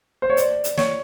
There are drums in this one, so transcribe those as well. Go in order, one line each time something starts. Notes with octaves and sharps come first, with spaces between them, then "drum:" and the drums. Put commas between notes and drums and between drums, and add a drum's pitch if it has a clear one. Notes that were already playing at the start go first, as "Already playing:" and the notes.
C5
C#5
D5, drum: hi-hat
drum: hi-hat
C#5, drum: snare